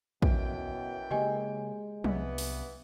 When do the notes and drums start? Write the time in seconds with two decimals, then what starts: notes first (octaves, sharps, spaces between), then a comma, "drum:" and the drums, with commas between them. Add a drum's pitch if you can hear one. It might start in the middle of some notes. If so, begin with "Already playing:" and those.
0.22 F#2 B2 E3 G5, drum: kick
1.11 C#3 G#3 A#3 G4 D#5 G#5
2.04 C2 G2 E3 B3, drum: tom
2.38 drum: open hi-hat